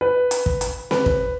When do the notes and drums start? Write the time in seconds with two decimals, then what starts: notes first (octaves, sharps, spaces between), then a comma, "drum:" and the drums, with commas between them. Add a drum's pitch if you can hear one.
0.01 B4
0.31 drum: hi-hat
0.46 drum: kick
0.61 drum: hi-hat
0.91 B4, drum: snare C4
1.06 drum: kick